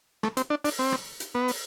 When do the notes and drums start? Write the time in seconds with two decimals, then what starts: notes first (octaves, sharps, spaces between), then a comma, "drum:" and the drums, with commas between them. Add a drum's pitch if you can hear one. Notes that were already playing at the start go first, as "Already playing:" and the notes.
0.23 A3, drum: rim click
0.37 C4, drum: hi-hat
0.50 D4
0.64 D4, drum: open hi-hat
0.79 C4
0.92 drum: rim click
1.20 drum: hi-hat
1.35 B3
1.48 drum: open hi-hat